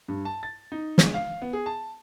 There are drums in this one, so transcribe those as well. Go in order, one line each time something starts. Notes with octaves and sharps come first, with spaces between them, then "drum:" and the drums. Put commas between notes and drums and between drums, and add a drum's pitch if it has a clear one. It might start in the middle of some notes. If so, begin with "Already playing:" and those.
G2
A5
A6
D#4
G#3, drum: snare
F5
B3
G#4
A5